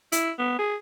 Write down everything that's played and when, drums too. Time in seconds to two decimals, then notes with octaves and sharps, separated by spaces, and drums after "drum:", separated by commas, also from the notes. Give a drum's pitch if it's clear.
0.12 E4, drum: hi-hat
0.39 B3
0.59 G#4